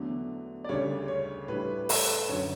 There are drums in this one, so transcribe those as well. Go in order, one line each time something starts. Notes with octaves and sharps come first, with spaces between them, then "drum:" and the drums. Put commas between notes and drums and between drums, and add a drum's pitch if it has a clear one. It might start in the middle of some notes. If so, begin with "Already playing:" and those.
Already playing: E2 D3 F#3 A3 D4
D5
D2 C#3 G3 D4 C#5
C#5
A2 G3 D4 B4
A4, drum: open hi-hat
F#2 D3 F#3 C#5